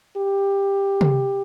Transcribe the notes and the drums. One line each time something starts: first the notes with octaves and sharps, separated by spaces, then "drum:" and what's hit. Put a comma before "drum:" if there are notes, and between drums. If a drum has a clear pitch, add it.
G4
drum: tom